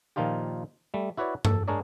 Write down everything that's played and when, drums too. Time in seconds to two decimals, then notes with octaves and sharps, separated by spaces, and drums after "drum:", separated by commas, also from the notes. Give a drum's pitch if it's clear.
0.16 A#2 D#3 F3 D#4 F4 G4
0.94 G3 A3
1.17 E4 F#4 B4 C#5 D5
1.45 A4, drum: tom G2
1.68 G#3 D4 G#4 A#4 C#5 D5